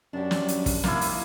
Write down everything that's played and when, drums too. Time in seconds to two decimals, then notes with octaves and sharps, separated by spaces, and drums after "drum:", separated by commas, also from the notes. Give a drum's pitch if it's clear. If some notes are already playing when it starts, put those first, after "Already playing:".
0.13 F#2 D4 G4
0.31 drum: snare
0.48 drum: hi-hat
0.66 drum: kick, open hi-hat
0.84 C3 D#3 A#3 E4 F4, drum: snare
1.01 drum: open hi-hat